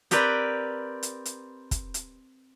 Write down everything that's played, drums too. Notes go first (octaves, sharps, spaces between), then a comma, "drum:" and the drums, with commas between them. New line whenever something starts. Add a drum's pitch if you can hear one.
C4 G4 A#4 B4 D5, drum: hi-hat
drum: hi-hat
drum: hi-hat
drum: kick, hi-hat
drum: hi-hat